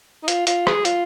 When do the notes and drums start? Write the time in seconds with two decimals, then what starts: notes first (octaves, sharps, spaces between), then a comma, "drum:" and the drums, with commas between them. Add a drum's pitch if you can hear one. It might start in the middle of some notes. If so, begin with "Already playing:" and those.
0.23 D#4
0.28 F4, drum: hi-hat
0.47 F4, drum: hi-hat
0.67 G#4, drum: rim click
0.85 F4, drum: hi-hat